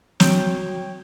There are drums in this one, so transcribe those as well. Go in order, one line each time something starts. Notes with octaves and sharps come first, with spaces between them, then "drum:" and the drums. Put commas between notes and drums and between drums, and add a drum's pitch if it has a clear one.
F#4 C#5 G5, drum: snare